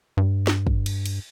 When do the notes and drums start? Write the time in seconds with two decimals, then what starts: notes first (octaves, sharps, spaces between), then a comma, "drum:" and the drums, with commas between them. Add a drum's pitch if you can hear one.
0.17 G2
0.47 drum: snare
0.67 drum: kick
0.86 drum: cymbal
1.06 drum: cymbal